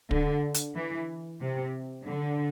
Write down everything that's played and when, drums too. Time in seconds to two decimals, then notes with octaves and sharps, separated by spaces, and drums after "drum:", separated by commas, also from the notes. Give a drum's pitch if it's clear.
0.11 D3, drum: kick
0.54 drum: hi-hat
0.76 E3
1.41 C3
2.07 D3